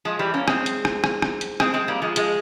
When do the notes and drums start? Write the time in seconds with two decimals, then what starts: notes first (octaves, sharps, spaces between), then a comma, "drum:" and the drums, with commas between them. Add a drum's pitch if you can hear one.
0.05 F3 G#3
0.19 E3 G3
0.34 A#3 C#4
0.48 G#3 C4, drum: rim click
0.66 drum: hi-hat
0.85 drum: rim click
1.04 drum: rim click
1.22 drum: rim click
1.41 drum: hi-hat
1.60 G#3 C4, drum: rim click
1.74 G#3 C4
1.88 G3 A#3
2.02 F3 G#3
2.16 F3 G#3, drum: hi-hat